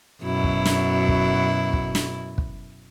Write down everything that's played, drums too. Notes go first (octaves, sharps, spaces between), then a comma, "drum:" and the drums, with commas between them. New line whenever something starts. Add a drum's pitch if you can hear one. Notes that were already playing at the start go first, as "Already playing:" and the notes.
F#2 B2 E4
drum: kick
drum: snare
drum: kick
drum: kick
drum: snare
drum: kick